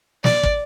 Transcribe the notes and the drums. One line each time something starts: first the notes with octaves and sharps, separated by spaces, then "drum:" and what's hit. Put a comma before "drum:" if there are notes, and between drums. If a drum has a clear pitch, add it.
D5, drum: snare
drum: kick